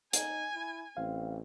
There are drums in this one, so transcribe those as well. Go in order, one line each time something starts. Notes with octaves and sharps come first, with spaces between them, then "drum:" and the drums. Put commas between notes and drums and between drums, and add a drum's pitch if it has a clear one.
D#4 G#5, drum: hi-hat
E4
A1 C4 F5